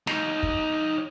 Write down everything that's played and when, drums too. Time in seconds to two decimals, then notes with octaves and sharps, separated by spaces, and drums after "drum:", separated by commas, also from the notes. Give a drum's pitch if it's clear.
0.07 D#4 C#5, drum: snare
0.43 drum: kick